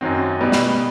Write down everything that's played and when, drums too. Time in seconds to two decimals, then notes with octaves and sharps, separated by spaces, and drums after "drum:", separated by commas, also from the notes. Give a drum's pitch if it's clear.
0.01 F#2 D#3 F#3 C4
0.40 B2 G3 B3
0.52 drum: snare